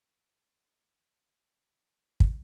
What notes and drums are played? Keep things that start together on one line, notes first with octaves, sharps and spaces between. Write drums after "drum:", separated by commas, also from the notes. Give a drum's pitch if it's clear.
A4
drum: kick